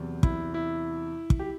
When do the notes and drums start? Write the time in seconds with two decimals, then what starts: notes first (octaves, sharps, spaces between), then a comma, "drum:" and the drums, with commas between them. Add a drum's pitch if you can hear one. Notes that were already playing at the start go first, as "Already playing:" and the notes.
Already playing: E2 C3 F#3
0.23 E4, drum: kick
0.54 E4
1.30 drum: kick
1.39 G4